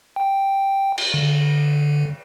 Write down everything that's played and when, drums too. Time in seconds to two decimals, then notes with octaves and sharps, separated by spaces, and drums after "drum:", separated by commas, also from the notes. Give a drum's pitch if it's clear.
0.16 G5
0.98 drum: cymbal
1.14 D3